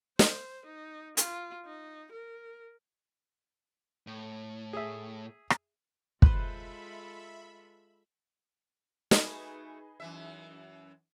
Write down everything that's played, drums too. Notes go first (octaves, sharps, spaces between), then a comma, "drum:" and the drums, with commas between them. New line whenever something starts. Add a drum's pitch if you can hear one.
C5, drum: snare
D#4
F4, drum: hi-hat
D#4
A#4
A2
G#4 E5
drum: rim click
G#3 F4 A4 B4 C5 E5 B5, drum: kick
A3 D#4 F#4 G#4 B4, drum: snare
F#2 E3 E5